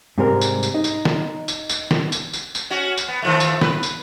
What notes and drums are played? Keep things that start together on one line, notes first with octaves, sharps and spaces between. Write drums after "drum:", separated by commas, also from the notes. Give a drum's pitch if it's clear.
G#2 C3 G3 G#3 C4 A#4
drum: tambourine
drum: tambourine
D#4
drum: tambourine
drum: snare
drum: tambourine
drum: tambourine
drum: snare
drum: tambourine
drum: tambourine
drum: tambourine
C#4 F#4
drum: tambourine
B3
D#3 F3 A3
drum: tambourine
B4, drum: snare
drum: tambourine